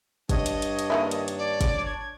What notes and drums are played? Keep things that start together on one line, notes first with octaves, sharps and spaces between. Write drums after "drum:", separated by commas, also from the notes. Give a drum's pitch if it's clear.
G2 D4 C#5 D#5, drum: kick, hi-hat
drum: hi-hat
drum: hi-hat
drum: hi-hat
D#3 A#3 E4
drum: hi-hat
drum: hi-hat
D5
drum: kick, hi-hat
G#6